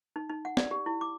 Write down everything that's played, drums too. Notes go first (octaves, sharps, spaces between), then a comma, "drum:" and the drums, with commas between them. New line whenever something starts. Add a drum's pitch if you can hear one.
D#4
D#4
F#5
D5, drum: snare
G4
E4
D6